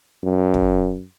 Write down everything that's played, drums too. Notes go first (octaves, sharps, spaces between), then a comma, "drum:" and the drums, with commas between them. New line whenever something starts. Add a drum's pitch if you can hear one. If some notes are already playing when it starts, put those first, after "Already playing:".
F#2
drum: kick